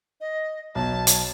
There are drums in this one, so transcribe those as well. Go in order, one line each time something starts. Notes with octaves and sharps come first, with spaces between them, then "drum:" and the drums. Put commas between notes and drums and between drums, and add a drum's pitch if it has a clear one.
D#5
B1 C#5 A5
drum: hi-hat